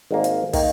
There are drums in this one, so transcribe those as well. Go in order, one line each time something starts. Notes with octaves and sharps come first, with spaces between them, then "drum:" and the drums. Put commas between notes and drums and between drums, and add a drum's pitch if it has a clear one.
G#1 G#2 D#3 A#3
drum: hi-hat
D#3 A#3, drum: kick, open hi-hat